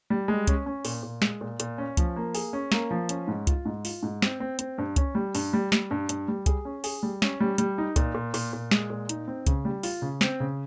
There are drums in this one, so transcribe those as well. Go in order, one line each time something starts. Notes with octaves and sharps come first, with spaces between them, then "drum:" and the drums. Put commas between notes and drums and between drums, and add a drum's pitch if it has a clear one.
G3
G#3
C#4, drum: kick C2, hi-hat
C#4
A#2, drum: open hi-hat
A#2
G#3, drum: snare
A#2
A#2, drum: hi-hat
C#4
F3, drum: kick C2, hi-hat
A#3
G#4, drum: open hi-hat
C#4
A#3, drum: snare
F3
C#4, drum: hi-hat
G#2
F4, drum: kick C2, hi-hat
G#2
F4, drum: open hi-hat
G#2
C4, drum: snare
C4
C4, drum: hi-hat
G2
C#4, drum: kick C2, hi-hat
G3
G2, drum: open hi-hat
G3
G3, drum: snare
G2
G2, drum: hi-hat
G3
G#4, drum: kick C2, hi-hat
C#4
G#4, drum: open hi-hat
G3
C#4, drum: snare
G3
G3, drum: hi-hat
D#4
A#2, drum: kick C2, hi-hat
A#2
A#2, drum: open hi-hat
A#2
G#3, drum: snare
A#2
D#4, drum: hi-hat
C4
C#3, drum: kick C2, hi-hat
G3
F4, drum: open hi-hat
C#3
C4, drum: snare
C#3